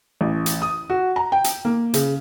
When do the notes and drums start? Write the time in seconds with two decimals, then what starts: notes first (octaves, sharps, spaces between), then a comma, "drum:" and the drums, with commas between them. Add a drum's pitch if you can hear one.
0.21 A1
0.46 drum: hi-hat
0.62 D#6
0.90 F#4
1.16 A#5
1.32 G5
1.44 drum: hi-hat
1.65 A#3
1.94 C#3, drum: hi-hat